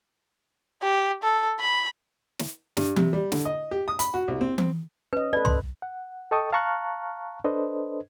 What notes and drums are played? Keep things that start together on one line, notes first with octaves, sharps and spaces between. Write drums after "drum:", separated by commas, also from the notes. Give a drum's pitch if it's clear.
G4
A4
B5
drum: snare
G2, drum: snare
C3, drum: tom E3
G3
D3, drum: snare
D#5
G4
D#6
B5, drum: hi-hat
F#4
C2
C4
C4, drum: tom E3
C#4 B4 D#5
A4 B4 D5
C6, drum: tom
F#5
A4 D#5 G5 A5 C#6 D#6
F5 A5 A#5 C#6 F6 F#6
D4 A4 B4 C5 D#5